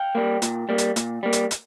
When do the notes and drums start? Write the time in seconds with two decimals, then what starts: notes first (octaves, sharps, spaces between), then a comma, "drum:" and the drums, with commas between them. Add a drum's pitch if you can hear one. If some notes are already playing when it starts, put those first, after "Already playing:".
Already playing: F5 G5
0.15 G3 A#3
0.42 A#2, drum: hi-hat
0.69 G3 A#3
0.78 drum: hi-hat
0.96 A#2, drum: hi-hat
1.23 G3 A#3
1.33 drum: hi-hat
1.51 drum: hi-hat